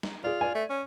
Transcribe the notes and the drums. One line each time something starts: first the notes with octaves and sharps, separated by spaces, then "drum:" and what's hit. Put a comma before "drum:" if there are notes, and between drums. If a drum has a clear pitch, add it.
drum: snare
F4 G#4 D5
D5 G#5
A3
C#4